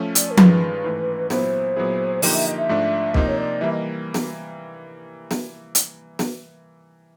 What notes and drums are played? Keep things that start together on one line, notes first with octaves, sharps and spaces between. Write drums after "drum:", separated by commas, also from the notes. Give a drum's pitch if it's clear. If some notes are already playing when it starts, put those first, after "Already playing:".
Already playing: F3 A3 C#4
D5, drum: hi-hat
A#4
G2 D#3 G#3 C#4 F4 B4, drum: tom F3
G#2 E3 A3
A#2 F#3 B3 E4 C5, drum: snare
A#2 F#3 B3 E4 G#4
D3 F3 A#3 D#4 G4 D#5, drum: open hi-hat
E5
D#5
E5
G#2 F3 A3 D4
C3 F3 A#3 D#4 D#5, drum: kick
C#5
D5
E3 G3 A#3 E5
D#5
drum: snare
drum: snare
drum: hi-hat
drum: snare